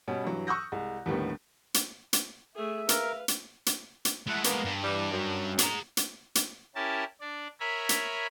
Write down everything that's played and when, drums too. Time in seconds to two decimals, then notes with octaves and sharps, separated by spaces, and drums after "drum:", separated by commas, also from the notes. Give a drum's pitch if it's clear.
0.08 B2 G3 C#4
0.24 G2 E3 F#3
0.47 C#6 D#6 E6 F#6 G6 A#6
0.72 C2 G#3
1.06 D#2 A2 D3 D#3 G3 B3
1.74 drum: hi-hat
2.13 drum: hi-hat
2.56 A3 G#4 E5
2.89 A#4 B4 F5, drum: hi-hat
3.28 drum: hi-hat
3.66 drum: hi-hat
4.05 drum: hi-hat
4.27 G#3 A3 E4 F#5
4.44 A#3 B3, drum: hi-hat
4.65 G2
4.83 E3 G3
5.11 F#2
5.59 G#4 A#5, drum: hi-hat
5.97 drum: hi-hat
6.35 drum: hi-hat
6.76 C#4 E4 G4 A#4 A5
7.21 D4 D5
7.60 A#4 C#5 E5 G#5 A#5 B5
7.89 drum: hi-hat